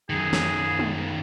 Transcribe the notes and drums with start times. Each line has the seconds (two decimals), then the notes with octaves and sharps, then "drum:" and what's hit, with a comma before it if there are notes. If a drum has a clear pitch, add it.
0.10 F#2 D#3 G#4
0.33 drum: snare
0.79 drum: tom